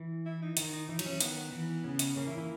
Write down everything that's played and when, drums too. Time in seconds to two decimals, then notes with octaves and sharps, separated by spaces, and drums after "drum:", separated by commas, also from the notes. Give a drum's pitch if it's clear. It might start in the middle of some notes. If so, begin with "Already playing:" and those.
Already playing: E3
0.26 E4
0.42 D#4
0.57 D#3 D#4, drum: hi-hat
0.73 D#4
0.89 E3 D#4
0.99 F#3, drum: cymbal
1.06 E3 C#4
1.21 D#3 B3, drum: hi-hat
1.37 B3
1.52 E3
1.84 C#3 C#4
1.99 drum: hi-hat
2.16 C#3 A#3 C#4
2.27 E3 E4
2.38 E3 E4